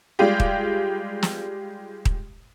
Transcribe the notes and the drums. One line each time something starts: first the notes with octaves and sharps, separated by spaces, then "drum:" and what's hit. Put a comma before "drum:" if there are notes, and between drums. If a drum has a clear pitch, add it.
G3 G#3 F4 G4
drum: kick D#1
drum: snare
drum: kick D#1